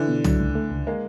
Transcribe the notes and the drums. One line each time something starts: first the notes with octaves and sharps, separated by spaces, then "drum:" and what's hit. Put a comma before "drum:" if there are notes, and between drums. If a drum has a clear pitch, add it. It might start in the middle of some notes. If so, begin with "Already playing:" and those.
Already playing: D3 E3
B2
F#3, drum: tom
C#2
A3
C#2
G#3 A#3